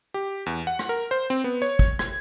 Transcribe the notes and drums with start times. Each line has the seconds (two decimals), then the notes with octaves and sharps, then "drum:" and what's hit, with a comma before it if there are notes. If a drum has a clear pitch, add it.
0.14 G4
0.46 E2
0.67 F#5
0.79 drum: rim click
0.89 A#4
1.11 C5
1.30 C4
1.44 B3
1.62 C#5, drum: tambourine
1.79 drum: kick
1.99 G#6, drum: rim click